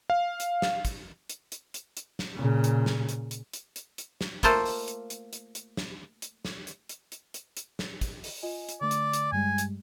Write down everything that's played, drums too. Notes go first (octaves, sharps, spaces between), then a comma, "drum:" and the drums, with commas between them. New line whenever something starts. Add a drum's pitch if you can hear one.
F5
drum: hi-hat
drum: snare
drum: kick, hi-hat
drum: hi-hat
drum: hi-hat
drum: hi-hat
drum: hi-hat
drum: snare
A#2 C#3
drum: hi-hat
drum: snare
drum: hi-hat
drum: hi-hat
drum: hi-hat
drum: hi-hat
drum: hi-hat
drum: snare
A3 A#3 F4 A4 C5, drum: kick, hi-hat
drum: open hi-hat
drum: hi-hat
drum: hi-hat
drum: hi-hat
drum: hi-hat
drum: snare
drum: hi-hat
drum: snare
drum: hi-hat
drum: hi-hat
drum: hi-hat
drum: hi-hat
drum: hi-hat
drum: snare
drum: kick, hi-hat
drum: open hi-hat
F4 D#5 G#5
drum: hi-hat
D3 A3 D5
drum: hi-hat
drum: hi-hat
G2 G3 G#3 G#5
drum: hi-hat